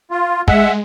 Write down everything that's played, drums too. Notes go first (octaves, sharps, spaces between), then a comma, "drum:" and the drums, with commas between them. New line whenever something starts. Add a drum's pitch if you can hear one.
F4
G#3 E5 F#5, drum: kick